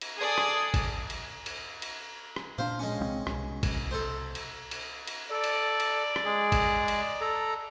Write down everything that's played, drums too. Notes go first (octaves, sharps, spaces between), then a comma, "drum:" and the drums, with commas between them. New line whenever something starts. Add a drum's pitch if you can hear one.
drum: cymbal
G#4 A4 D5 D#6
drum: rim click
drum: kick, cymbal
drum: cymbal
drum: cymbal
drum: cymbal
drum: rim click
A#2 C4 D4 C5 F5
G#3 C#4
C2 E3 C4
C2 B2, drum: rim click
drum: kick, cymbal
A4 C5
drum: cymbal
drum: cymbal
drum: cymbal
A4 D5
drum: cymbal
drum: cymbal
drum: rim click
G#3 G#4
drum: kick, cymbal
drum: cymbal
A4 A#5